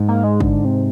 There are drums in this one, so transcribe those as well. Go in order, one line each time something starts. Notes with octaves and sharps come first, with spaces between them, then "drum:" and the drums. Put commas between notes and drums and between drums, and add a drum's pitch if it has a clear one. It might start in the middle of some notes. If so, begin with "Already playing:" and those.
Already playing: G#2
A#3
G#3
D3, drum: kick
C3